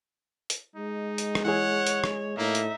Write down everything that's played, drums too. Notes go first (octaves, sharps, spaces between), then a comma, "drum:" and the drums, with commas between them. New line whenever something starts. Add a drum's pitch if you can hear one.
drum: hi-hat
G#3 D#4
drum: hi-hat
drum: rim click
E3 G#4 C#5 F#5
drum: hi-hat
drum: rim click
A2 A#3 D#4 E5
drum: hi-hat